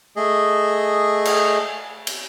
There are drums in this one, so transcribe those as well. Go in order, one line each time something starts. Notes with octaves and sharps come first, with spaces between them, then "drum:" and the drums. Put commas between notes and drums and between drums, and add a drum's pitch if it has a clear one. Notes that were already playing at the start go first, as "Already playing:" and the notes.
A3 G#4 D#5
drum: cymbal
drum: cymbal